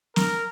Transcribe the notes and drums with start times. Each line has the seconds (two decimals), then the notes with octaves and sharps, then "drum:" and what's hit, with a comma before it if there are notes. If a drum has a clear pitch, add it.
0.16 A#4, drum: snare